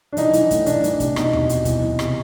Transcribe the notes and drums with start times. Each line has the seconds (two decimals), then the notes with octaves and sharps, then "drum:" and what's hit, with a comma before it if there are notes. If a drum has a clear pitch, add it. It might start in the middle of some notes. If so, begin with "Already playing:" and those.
0.13 D4
0.17 E3 D#4, drum: hi-hat
0.33 E3, drum: hi-hat
0.51 A2, drum: kick, hi-hat
0.66 E3 D4, drum: hi-hat
0.84 E3, drum: hi-hat
1.00 C3, drum: kick, hi-hat
1.16 B2 D#4, drum: rim click
1.33 B2, drum: tom D#2
1.49 B2, drum: hi-hat
1.65 E3, drum: kick, hi-hat
1.82 E3
1.99 C3, drum: rim click